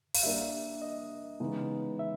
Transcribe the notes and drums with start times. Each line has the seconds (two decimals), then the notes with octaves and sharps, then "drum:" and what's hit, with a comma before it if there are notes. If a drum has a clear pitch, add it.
0.15 F5, drum: open hi-hat
0.23 G3 A#3 D4 E5
0.82 D#5
1.40 C#3 E3 G#3 B3 D#4
1.99 E5